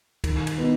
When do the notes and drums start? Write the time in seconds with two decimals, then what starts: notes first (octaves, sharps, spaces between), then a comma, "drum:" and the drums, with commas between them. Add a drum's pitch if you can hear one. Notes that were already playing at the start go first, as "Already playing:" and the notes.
0.24 D#3, drum: kick, cymbal
0.47 drum: cymbal
0.58 B3 D#4